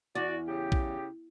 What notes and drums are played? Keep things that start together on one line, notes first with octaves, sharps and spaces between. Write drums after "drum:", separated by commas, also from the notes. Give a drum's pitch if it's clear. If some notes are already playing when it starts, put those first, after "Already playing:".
E2 F#4 D5
C#3 G4
drum: kick